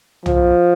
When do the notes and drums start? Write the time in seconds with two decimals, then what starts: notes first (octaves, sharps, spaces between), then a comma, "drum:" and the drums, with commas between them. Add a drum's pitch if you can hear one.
0.26 F3, drum: tom